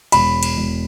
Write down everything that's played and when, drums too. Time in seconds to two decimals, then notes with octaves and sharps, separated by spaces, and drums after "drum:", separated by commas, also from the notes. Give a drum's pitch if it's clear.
0.12 E1 B5, drum: cymbal
0.43 drum: cymbal
0.57 E1